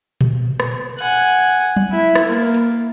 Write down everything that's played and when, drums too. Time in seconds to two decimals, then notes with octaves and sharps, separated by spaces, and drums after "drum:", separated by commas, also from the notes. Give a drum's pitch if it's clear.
0.21 drum: tom A#2
0.60 drum: rim click
0.99 F#5 G#5, drum: tambourine
1.38 drum: tambourine
1.77 drum: tom
1.92 E4
2.15 drum: rim click
2.26 A#3
2.54 drum: tambourine